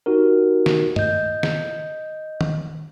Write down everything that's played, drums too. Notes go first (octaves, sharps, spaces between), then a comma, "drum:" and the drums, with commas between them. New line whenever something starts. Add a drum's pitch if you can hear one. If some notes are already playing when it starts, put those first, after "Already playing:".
D#4 F#4 G4 A#4
drum: snare
D#5 G6, drum: tom G2
drum: snare
drum: tom D#3